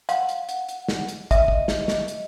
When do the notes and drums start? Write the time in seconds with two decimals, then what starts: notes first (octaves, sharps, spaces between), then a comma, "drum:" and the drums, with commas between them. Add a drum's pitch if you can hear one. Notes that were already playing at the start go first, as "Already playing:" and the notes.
0.09 F5 F#5, drum: hi-hat
0.29 drum: hi-hat
0.49 drum: hi-hat
0.69 drum: hi-hat
0.88 drum: snare
1.08 drum: hi-hat
1.31 D#5 E5, drum: kick, hi-hat
1.48 drum: kick
1.68 drum: snare
1.88 drum: snare
2.08 drum: hi-hat